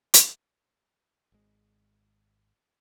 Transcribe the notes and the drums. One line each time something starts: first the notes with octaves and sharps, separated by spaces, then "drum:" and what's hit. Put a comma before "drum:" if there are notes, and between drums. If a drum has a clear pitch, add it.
drum: hi-hat
G#1 G#3